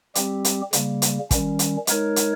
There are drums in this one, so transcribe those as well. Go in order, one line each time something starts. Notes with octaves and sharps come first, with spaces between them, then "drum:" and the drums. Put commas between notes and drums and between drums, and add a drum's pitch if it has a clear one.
G3 C4 G4, drum: hi-hat
drum: hi-hat
C#3 G3 A#3, drum: hi-hat
drum: hi-hat
D#3 G3 C#4, drum: kick, hi-hat
drum: hi-hat
G#3 D#4 A#4 C#5, drum: hi-hat
drum: hi-hat